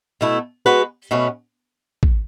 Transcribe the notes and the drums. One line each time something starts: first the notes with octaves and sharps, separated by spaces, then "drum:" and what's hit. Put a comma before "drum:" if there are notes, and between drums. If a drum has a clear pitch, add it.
B2 A3 E4
G#3 B3 F#4 B4
B2 A3 C#4 F#4 B4
drum: kick